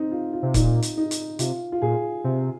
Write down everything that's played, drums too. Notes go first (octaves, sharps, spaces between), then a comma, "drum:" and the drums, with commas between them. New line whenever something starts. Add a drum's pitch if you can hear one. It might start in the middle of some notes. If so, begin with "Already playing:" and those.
Already playing: C4 D#4
F4
F4
C3
A#2 D#4, drum: kick C#1, hi-hat
drum: hi-hat
D#4
drum: hi-hat
C3 F4, drum: hi-hat
F4
A#2 G#4
C3